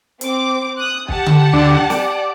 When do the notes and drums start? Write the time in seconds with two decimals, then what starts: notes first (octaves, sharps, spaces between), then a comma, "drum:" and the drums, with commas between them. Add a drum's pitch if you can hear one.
0.21 C4 D6, drum: hi-hat
0.78 D#6 F#6
1.09 G4 F#5 A5, drum: kick
1.26 drum: tom D3
1.53 D2 D3 D4
1.90 D5, drum: snare